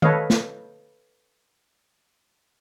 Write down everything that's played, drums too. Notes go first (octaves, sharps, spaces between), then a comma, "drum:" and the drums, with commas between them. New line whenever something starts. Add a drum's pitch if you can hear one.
A4 B4 C#5 D#5 F5, drum: tom D#3
drum: snare